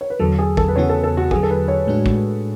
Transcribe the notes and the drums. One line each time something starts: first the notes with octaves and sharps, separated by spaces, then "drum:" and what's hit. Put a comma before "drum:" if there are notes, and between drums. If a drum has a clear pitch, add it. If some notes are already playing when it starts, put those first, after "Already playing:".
C#5
B4
E2 D3 F#3 A4
G#4
A4, drum: kick
B4
E2 C#3 E3 B3 F#4 C#5
A4
A4
F#4
E2 D3 F#3 G#4, drum: kick
A4
B4
C#5
A2 G#3 D4 F#4
drum: kick